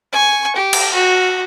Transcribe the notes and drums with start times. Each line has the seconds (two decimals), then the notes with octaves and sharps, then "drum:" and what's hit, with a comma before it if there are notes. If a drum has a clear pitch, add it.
0.12 G#5 C#6
0.56 G4
0.73 drum: cymbal
0.93 F#4